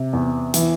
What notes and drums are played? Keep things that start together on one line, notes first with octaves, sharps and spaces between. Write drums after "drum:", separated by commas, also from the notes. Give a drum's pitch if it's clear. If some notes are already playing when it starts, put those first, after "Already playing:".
Already playing: C3
E2
E3, drum: hi-hat